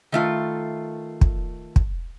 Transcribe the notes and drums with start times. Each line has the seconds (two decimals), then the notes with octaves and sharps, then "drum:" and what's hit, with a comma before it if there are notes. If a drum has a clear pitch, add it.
0.12 D#3 A3 F4
1.21 drum: kick
1.76 drum: kick